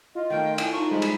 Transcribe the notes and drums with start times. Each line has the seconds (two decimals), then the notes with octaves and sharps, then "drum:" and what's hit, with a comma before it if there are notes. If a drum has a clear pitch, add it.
0.15 F4 D#5
0.30 D#3 A3 A#3 G5
0.58 D4 G#5, drum: cymbal
0.72 D#4 A5 C#6
0.91 F3 G3 G#3 B5
1.02 drum: cymbal